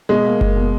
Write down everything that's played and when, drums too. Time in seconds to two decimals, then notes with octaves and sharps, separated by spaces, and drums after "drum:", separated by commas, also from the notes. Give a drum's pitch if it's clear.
0.09 B2 G#3
0.25 A#3
0.41 A#3, drum: kick F#1
0.56 B2